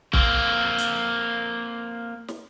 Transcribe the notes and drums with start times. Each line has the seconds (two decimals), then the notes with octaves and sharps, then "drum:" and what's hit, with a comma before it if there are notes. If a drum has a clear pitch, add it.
0.13 A#3 C4, drum: kick
0.78 drum: hi-hat
2.28 drum: snare